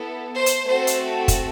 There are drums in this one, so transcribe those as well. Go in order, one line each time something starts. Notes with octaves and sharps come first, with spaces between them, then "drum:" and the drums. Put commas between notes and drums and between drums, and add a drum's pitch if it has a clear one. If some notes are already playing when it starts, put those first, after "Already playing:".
Already playing: B3 E4 A4
C5
drum: hi-hat
A3 C4 F#4 A4 C5
drum: hi-hat
drum: kick, hi-hat